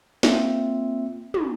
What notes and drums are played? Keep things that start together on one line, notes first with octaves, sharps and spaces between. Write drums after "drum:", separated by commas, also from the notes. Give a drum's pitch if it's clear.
A#3 C4 F4 E5, drum: snare
drum: tom